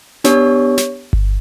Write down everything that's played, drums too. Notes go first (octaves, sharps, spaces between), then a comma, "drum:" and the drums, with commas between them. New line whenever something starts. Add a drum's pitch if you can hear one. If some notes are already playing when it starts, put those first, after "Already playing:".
B3 D4 G4 C#5, drum: snare
drum: snare
drum: kick G1